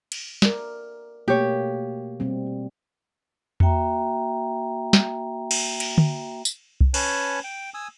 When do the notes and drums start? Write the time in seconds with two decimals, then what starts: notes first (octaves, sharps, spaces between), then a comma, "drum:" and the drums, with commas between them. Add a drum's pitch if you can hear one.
0.12 drum: cymbal
0.42 A#4 D5, drum: snare
1.28 B2 A3 A#3 G4 C#5
2.20 B2 G3 C4
3.60 A#3 F#4 E5 G5 A#5, drum: tom E2
4.93 drum: snare
5.51 drum: cymbal
5.80 drum: cymbal
5.98 drum: tom D3
6.45 drum: tambourine
6.81 drum: kick C2
6.94 C#4 B4 C#5 G#5 A5 F#6, drum: cymbal
7.44 G5
7.74 G#5 D#6 E6